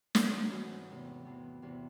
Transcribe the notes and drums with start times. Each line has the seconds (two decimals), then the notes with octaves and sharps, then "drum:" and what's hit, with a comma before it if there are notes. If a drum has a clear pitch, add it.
0.15 G#2 E3 A3 C#4, drum: snare
0.27 C#4
0.40 D#4
0.51 G#2 E3 A3 F#4
0.88 E2 C3 E3
1.25 E2 C3 E3
1.62 E2 C3 E3